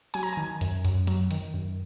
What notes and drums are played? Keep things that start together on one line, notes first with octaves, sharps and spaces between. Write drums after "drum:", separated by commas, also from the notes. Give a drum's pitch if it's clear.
F#3 G#5, drum: hi-hat
A#5
D#3 G#5
F#2, drum: hi-hat
F#2, drum: hi-hat
F#3, drum: hi-hat
D#3, drum: hi-hat
F#2